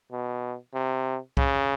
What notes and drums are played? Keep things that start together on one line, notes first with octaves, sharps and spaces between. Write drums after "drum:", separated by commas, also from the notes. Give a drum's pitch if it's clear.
B2
C3
C#3, drum: kick